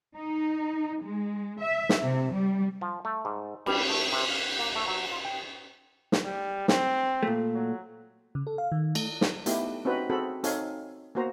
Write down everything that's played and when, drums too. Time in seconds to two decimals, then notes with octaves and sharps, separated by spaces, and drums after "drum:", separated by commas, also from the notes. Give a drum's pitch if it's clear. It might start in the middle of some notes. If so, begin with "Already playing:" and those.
0.16 D#4
1.02 G#3
1.60 E5
1.89 drum: snare
2.01 C3
2.33 G3
2.81 F3
3.05 A3
3.25 G#2
3.66 G3, drum: cymbal
3.89 A3
4.12 C3
4.30 F5
4.59 A#3
4.75 A3
4.88 F#3
5.11 F4
5.25 G5
6.12 drum: snare
6.24 G3
6.68 C4, drum: snare
7.23 A#2 A3
7.54 F#3
8.35 C#3
8.47 A4
8.58 F5
8.72 D#3
8.95 A3, drum: cymbal
9.21 drum: snare
9.46 A3 B3 D#4 E4 G4, drum: hi-hat
9.85 C4 C#4 D#4 F#4 B4
10.10 C4 F#4 G#4 A4 B5
10.44 C4 D#4 A4 C#5 F5 G#5, drum: hi-hat
11.15 A#3 B3 F#4 C5 A#5